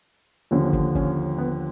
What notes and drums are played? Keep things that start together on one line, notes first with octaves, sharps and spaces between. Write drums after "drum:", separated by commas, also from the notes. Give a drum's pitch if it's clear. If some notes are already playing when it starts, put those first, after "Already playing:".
D#2 D3 F3 C#4
drum: kick
C#4, drum: kick
B3